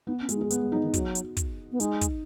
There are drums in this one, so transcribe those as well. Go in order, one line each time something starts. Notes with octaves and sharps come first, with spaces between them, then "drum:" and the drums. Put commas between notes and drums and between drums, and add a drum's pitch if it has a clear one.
B3 D#4
C#4
G#3, drum: hi-hat
D#4
G#3
B3, drum: hi-hat
G#3
F#3 D#4
D#3
F#3 F#4, drum: kick, hi-hat
drum: hi-hat
drum: kick, hi-hat
B3
G#3 D#4, drum: hi-hat
drum: kick, hi-hat